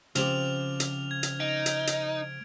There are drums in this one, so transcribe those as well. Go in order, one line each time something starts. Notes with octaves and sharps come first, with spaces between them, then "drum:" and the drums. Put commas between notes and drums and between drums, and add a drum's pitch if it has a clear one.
C#3 F3 C4 G4 F6 F7, drum: hi-hat
drum: hi-hat
G#6
drum: hi-hat
D#4 D7
drum: hi-hat
drum: hi-hat